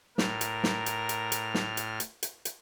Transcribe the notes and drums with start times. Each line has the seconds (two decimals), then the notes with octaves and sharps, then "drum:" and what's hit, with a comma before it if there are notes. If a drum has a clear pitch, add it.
0.18 A2 A#4 F6, drum: snare
0.41 drum: hi-hat
0.64 drum: snare
0.86 drum: hi-hat
1.09 drum: hi-hat
1.32 drum: hi-hat
1.54 drum: snare
1.77 drum: hi-hat
2.00 drum: hi-hat
2.23 drum: hi-hat
2.45 drum: hi-hat